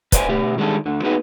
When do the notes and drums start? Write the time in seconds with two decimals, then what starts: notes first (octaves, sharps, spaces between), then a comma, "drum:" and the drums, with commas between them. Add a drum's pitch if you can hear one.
0.12 B4 C5 D5 D#5 F5 G#5, drum: kick, hi-hat
0.29 B2 A3 G4
0.58 D#3 G3 G#3 D4 G#4 A4
0.85 D2 D3
1.03 A#3 B3 D#4 F#4 G#4 B4